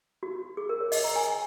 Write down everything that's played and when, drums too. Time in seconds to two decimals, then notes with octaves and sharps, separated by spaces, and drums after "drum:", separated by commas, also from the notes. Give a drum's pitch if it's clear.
0.23 F#4
0.57 G#4
0.69 A#4
0.81 C#5
0.92 D#5, drum: open hi-hat
1.04 A#5
1.16 G#5
1.27 G#5